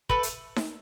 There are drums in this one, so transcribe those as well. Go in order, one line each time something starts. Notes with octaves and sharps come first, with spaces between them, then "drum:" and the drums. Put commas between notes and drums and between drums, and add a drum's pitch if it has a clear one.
A3 B4, drum: kick
drum: hi-hat
drum: snare D#4